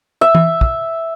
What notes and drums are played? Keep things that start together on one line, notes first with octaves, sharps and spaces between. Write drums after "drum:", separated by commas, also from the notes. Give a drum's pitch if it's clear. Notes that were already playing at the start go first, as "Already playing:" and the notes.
E5
drum: tom
drum: kick